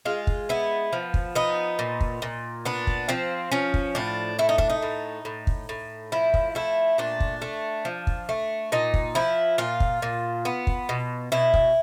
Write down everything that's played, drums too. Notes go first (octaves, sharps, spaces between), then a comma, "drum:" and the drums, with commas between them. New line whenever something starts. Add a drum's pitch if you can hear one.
G#3 F4
drum: kick
B3 E4
F3
drum: kick
B3 D#4
A#2
drum: kick
A#2
B3 D4
drum: kick
F3 C4
F3 C#4
drum: kick
A2 D4
A3 E4
D#4
D4, drum: kick
D#4
A2
A2
drum: kick
A2
F3 E4
drum: kick
A3 E4
A#2 D4
drum: kick
A3
F3
drum: kick
A3
A#2 D#4
drum: kick
F3 E4
A#2 F4
drum: kick
A#2
B3
drum: kick
B2
B2 E4
drum: kick